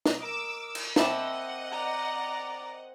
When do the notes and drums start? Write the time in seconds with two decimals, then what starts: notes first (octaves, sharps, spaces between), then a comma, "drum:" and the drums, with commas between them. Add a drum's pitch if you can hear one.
0.06 drum: snare
0.20 A#4 D#5 D6 E6
0.75 drum: cymbal
0.96 C4 D#5 E5 F#5 A5 B5 D6, drum: snare
1.72 D5 A#5